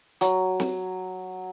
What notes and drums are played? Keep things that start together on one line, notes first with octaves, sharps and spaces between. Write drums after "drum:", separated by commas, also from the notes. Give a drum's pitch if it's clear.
F#3, drum: hi-hat
drum: snare